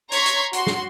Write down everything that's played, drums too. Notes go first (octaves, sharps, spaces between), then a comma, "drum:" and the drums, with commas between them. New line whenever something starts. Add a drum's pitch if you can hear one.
C#5 A#5 C6 C#6 G#6 B6, drum: hi-hat
drum: hi-hat
F#4 C6, drum: hi-hat
drum: snare